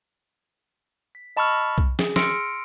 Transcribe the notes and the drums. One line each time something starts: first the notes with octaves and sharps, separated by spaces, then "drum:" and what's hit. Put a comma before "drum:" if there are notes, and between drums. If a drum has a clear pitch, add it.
B6
D#5 A5 B5 C#6 E6 F6
drum: kick B1
G#4, drum: snare
C6 E6 F6 A#6 C#7 D7, drum: snare